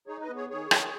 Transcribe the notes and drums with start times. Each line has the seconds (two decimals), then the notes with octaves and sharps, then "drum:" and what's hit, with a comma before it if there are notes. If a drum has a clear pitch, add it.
0.07 D#4 G#4 C#5
0.21 B4 D#5
0.29 B3
0.36 G#4 C#5
0.50 D#3 G#4 C#5
0.71 D#3, drum: rim click